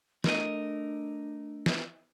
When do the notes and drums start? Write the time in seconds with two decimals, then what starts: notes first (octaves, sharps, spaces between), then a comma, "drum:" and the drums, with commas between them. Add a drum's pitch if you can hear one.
0.24 A3 D4 A#4 D#5, drum: snare
1.66 drum: snare